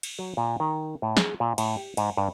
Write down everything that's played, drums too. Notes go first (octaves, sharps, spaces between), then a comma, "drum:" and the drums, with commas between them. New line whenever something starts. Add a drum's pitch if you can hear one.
drum: cymbal
F#3
A#2
D#3
A2
G#4, drum: snare
A#2
A2, drum: cymbal
G4
G#2, drum: cymbal
G2